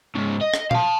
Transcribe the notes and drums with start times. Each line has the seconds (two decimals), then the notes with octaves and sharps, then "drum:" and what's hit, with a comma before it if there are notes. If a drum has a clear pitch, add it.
0.16 G#2 C#3
0.42 D#5
0.54 drum: rim click
0.71 F5 A5, drum: tom A#2